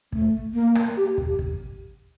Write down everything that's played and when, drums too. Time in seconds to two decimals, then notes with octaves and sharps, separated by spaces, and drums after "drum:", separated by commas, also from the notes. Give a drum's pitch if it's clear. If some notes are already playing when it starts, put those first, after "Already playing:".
0.12 A3, drum: kick
0.54 A#3
0.75 drum: rim click
0.97 G4
1.18 drum: kick
1.39 drum: kick